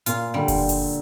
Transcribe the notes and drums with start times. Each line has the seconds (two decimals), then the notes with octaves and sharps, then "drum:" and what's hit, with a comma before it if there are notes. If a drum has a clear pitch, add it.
0.06 A#2 F4, drum: hi-hat
0.34 D3 G3
0.48 drum: kick F#1, open hi-hat
0.69 drum: open hi-hat